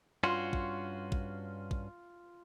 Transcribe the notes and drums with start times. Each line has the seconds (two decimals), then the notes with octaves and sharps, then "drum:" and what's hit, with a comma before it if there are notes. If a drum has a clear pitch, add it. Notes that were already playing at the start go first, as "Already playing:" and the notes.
0.23 G2 C#4 F4 F#4 C6
0.53 drum: kick A#1
1.12 drum: kick A#1
1.71 drum: kick A#1